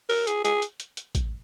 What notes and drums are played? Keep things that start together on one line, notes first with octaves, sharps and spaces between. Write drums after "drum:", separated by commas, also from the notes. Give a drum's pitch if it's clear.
A#4, drum: open hi-hat
G#4, drum: hi-hat
G#4, drum: hi-hat
drum: hi-hat
drum: hi-hat
drum: hi-hat
drum: kick A1, hi-hat